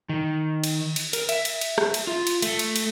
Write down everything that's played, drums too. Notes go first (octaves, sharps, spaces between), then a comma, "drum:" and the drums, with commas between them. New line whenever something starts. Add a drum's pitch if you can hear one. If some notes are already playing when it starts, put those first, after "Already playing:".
D#3
drum: cymbal
drum: cymbal
A#4, drum: cymbal
E5, drum: cymbal
drum: cymbal
drum: cymbal
drum: rim click
drum: cymbal
F4
drum: cymbal
A3, drum: cymbal
drum: cymbal
drum: cymbal